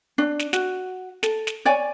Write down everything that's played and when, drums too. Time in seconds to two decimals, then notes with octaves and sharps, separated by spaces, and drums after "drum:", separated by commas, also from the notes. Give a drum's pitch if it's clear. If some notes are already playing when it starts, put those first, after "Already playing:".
0.18 D4
0.39 drum: snare
0.53 F#4, drum: snare
1.23 A4, drum: snare
1.47 drum: snare
1.65 C#5 D5 G#5